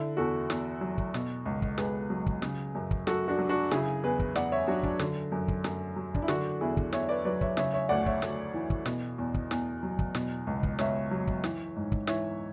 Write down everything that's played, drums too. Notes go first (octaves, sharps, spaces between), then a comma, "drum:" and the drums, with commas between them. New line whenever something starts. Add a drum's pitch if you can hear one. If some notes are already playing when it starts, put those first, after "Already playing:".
Already playing: D3 E4
E2 F#4 A4
E2, drum: snare
F#3
drum: kick
B2, drum: snare
C#2
drum: kick
C#2 G#4 B4, drum: snare
F#3
drum: kick
C#3, drum: snare
F#2
drum: kick
F#2 F#4 A4, drum: snare
D4 F#4
F#3
D4 F#4
C#3 E4 G#4, drum: snare
E2 G#4 B4
drum: kick
E2 D5 F#5, drum: snare
C#5 E5
F#3 D4 F#4
D4, drum: kick
D3, drum: snare
F#2
drum: kick
F#2, drum: snare
F#3
D4, drum: kick
E4
D3 D4 F#4, drum: snare
E2 E4 G#4
drum: kick
E2 C#5 E5, drum: snare
B4 D5
F#3 B4 D5
C#5 E5, drum: kick
C#3 C#5 E5, drum: snare
C#5 E5
D2 D5 F#5
C#5 E5, drum: kick
D2, drum: snare
E3
drum: kick
B2, drum: snare
E2
drum: kick
E2, drum: snare
F#3
drum: kick
B2, drum: snare
C#2
drum: kick
C#2 C#5 E5, drum: snare
F#3
drum: kick
E3, drum: snare
G#2
drum: kick
E3 C#5 E5, drum: snare